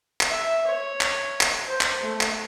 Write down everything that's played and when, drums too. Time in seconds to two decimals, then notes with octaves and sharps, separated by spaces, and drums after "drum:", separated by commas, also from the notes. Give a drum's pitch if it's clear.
0.21 drum: clap
0.30 E5
0.67 C#5
1.01 drum: clap
1.41 drum: clap
1.67 C5
1.81 drum: clap
2.01 A3
2.21 drum: clap